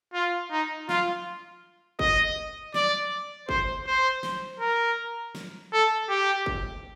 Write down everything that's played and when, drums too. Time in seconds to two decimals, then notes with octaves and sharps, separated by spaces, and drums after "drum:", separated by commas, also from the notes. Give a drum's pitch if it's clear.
0.13 F4
0.51 D#4
0.89 F4, drum: snare
1.99 D#5, drum: kick
2.74 D5, drum: snare
3.49 C5, drum: kick
3.86 C5
4.23 drum: snare
4.60 A#4
5.35 drum: snare
5.72 A4
6.09 G4
6.46 drum: kick